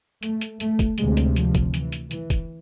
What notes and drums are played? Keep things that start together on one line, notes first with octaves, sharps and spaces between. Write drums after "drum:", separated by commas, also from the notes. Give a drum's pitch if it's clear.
A3, drum: hi-hat
drum: hi-hat
A3, drum: hi-hat
drum: kick, hi-hat
D2 C3 G#3, drum: hi-hat
drum: hi-hat
F3, drum: hi-hat
drum: kick, hi-hat
E3, drum: hi-hat
drum: hi-hat
E3, drum: hi-hat
drum: kick, hi-hat